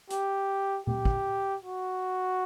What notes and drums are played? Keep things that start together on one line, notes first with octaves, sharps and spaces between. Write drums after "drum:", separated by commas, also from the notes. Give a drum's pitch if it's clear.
G4, drum: hi-hat
G4, drum: tom A#2
drum: kick
F#4